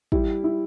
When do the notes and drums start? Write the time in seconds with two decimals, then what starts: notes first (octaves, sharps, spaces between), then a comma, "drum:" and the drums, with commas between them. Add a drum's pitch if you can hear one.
0.12 G3 E4, drum: kick
0.44 E4